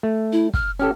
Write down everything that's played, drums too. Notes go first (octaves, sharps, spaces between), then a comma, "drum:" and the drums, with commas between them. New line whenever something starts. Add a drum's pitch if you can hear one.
A3
E4
F6, drum: kick
C#4 G4 A4 F6